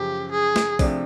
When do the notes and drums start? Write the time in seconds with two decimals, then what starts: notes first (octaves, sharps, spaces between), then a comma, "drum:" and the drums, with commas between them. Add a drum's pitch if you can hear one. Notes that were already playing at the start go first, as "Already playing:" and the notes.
Already playing: F#2 C#3 F3 G4
0.31 G#4
0.56 drum: snare
0.79 C3 F3 A3 D4, drum: kick, open hi-hat